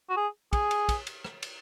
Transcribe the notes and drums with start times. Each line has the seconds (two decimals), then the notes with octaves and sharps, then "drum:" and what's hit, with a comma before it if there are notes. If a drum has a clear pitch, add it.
0.10 F#4
0.17 G#4
0.53 G#4, drum: kick, cymbal
0.71 drum: cymbal
0.89 drum: kick, cymbal
1.07 drum: cymbal
1.24 drum: rim click
1.42 drum: cymbal